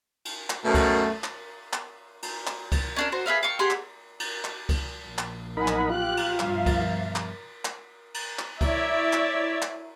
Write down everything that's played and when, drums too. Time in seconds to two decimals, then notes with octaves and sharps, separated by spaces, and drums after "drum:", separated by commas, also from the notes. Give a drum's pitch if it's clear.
0.25 drum: cymbal
0.50 drum: clap
0.65 F#2 B2 A3
0.74 drum: kick C#2, cymbal
1.24 drum: clap
1.73 drum: clap
2.22 drum: cymbal
2.47 drum: clap
2.72 drum: kick C#2, cymbal
2.96 C#4 D4 A#4
3.12 F#4 C5
3.26 G#4 B4 E5 F5
3.43 F5 G5 C#6 E6
3.59 G4 G#4 F#5 C6
3.70 drum: clap
4.20 drum: cymbal
4.44 drum: clap
4.69 drum: kick C#2, cymbal
5.06 A#1
5.18 drum: clap
5.57 B1 D#4 A#4 F#5 G#5 B5
5.68 drum: clap
5.90 F4 G4 F#6
6.17 drum: cymbal
6.40 G2 B2 F3 E5 F5, drum: clap
6.66 drum: kick C#2, cymbal
7.16 drum: clap
7.65 drum: clap
8.14 drum: cymbal
8.39 drum: clap
8.61 E4 C#5 D5 E5, drum: kick C#2, cymbal
9.13 drum: clap
9.62 drum: clap